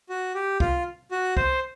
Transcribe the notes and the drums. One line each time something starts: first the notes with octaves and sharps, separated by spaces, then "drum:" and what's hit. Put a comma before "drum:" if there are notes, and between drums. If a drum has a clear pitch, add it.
F#4
G4
F4, drum: kick
F#4
C5, drum: kick